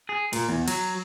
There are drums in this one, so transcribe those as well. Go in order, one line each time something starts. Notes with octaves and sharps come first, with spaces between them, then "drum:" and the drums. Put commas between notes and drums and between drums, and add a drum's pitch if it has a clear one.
G#4
A#2, drum: cymbal
E2
F#3, drum: cymbal